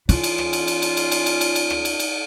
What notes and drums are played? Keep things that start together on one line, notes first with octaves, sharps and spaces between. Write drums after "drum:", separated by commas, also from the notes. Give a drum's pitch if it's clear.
E3 C#4 F4, drum: cymbal
drum: cymbal
drum: rim click
drum: cymbal
drum: cymbal
drum: cymbal
drum: cymbal
drum: cymbal
drum: cymbal
drum: cymbal
drum: cymbal
drum: rim click
drum: cymbal
drum: cymbal